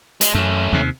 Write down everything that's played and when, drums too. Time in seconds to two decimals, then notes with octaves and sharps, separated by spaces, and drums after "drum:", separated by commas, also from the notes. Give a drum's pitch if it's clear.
0.21 G#3, drum: hi-hat
0.35 F#2 A3 C#4
0.73 D#2 C3